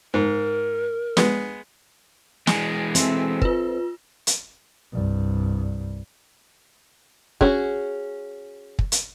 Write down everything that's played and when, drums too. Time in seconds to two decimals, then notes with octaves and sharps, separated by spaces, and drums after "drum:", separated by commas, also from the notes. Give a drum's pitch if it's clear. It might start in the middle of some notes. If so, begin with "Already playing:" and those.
0.14 G#2 A#4
1.17 G#3 B3, drum: snare
2.47 E3 G#3 G#5, drum: snare
2.95 C4 A4 E5, drum: hi-hat
3.42 F4 B4, drum: kick
4.27 drum: hi-hat
4.92 C2 G2
7.41 C#4 F#4 G#4, drum: kick
8.79 drum: kick
8.92 drum: hi-hat